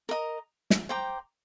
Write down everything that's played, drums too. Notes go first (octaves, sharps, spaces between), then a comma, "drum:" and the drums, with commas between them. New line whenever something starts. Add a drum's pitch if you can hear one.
A#4 D#5 A#5
drum: snare
C5 G5 A#5 D6